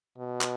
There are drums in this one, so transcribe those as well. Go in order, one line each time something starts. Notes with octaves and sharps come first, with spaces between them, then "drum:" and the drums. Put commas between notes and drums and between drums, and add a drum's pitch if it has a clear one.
B2
drum: clap